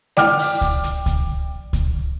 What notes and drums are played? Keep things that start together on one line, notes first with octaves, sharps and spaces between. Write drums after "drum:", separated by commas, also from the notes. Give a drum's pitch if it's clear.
D5 G5 D6 F6, drum: snare G#3
drum: open hi-hat
drum: kick C#2, hi-hat
drum: hi-hat
drum: kick C#2, hi-hat
drum: kick C#2, hi-hat